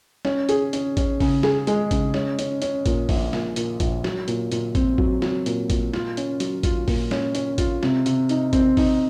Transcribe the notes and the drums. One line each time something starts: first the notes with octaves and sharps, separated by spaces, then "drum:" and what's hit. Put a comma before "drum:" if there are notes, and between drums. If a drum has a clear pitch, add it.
C#4, drum: snare
G#4, drum: hi-hat
C#4, drum: hi-hat
C#4, drum: kick G#1, hi-hat
C#3, drum: kick G#1, open hi-hat
G#4, drum: snare
G#3, drum: hi-hat
C#3, drum: kick G#1, hi-hat
C#4, drum: snare
C#4, drum: hi-hat
C#4, drum: hi-hat
A#2, drum: kick G#1, hi-hat
A#1, drum: kick G#1, open hi-hat
A#2, drum: snare
A#2, drum: hi-hat
A#1, drum: kick G#1, hi-hat
F#3, drum: snare
A#2, drum: hi-hat
A#2, drum: hi-hat
C4, drum: kick G#1, hi-hat
F#3, drum: kick G#1
F#3, drum: snare
A#2, drum: hi-hat
A#2, drum: kick G#1, hi-hat
F4, drum: snare
C#4, drum: hi-hat
F#3, drum: hi-hat
F4, drum: kick G#1, hi-hat
A#2, drum: kick G#1, open hi-hat
C#4, drum: snare
C#4, drum: hi-hat
F4, drum: kick G#1, hi-hat
C3, drum: snare
C3, drum: hi-hat
D#4, drum: hi-hat
C4, drum: kick G#1, hi-hat
D#4, drum: kick G#1, open hi-hat